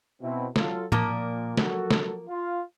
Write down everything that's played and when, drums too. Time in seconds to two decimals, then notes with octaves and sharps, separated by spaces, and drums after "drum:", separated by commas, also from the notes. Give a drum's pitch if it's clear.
0.21 B2 C4 E4
0.56 F#3 F4 A4, drum: snare
0.92 A#2 F3 A#3 A#4, drum: tom A2
1.57 F#3 F#4 A4, drum: snare
1.91 drum: snare
2.27 F4